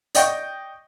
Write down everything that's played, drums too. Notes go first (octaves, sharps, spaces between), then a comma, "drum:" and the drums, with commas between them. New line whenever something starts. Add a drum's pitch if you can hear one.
D5 D#5 G5 C#6, drum: hi-hat